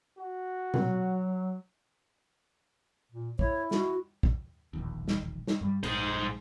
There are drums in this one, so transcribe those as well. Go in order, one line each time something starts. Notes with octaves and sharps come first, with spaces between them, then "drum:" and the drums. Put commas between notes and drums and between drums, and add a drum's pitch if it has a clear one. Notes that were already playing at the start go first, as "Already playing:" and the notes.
F#4
F#3, drum: tom B2
A#2
E4 C#5, drum: kick
F#4, drum: snare
drum: kick
E1 A#1 D#2
drum: snare
drum: snare
G2 G3
A#1 G#2 G#4 C5, drum: cymbal